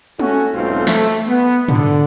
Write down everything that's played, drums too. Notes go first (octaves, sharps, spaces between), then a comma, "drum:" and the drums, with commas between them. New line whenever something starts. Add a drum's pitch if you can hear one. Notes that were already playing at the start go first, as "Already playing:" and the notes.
A3 C#4 F#4, drum: tom G#3
B1 G#2 G#3 A3 C4 F4
A3, drum: snare
B3
D3, drum: tom G#2